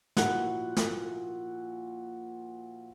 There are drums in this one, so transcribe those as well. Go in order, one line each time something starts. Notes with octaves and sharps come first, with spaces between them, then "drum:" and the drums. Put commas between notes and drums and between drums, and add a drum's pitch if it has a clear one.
A#2 F3 E4 F#4 F#5 F#6, drum: snare
drum: snare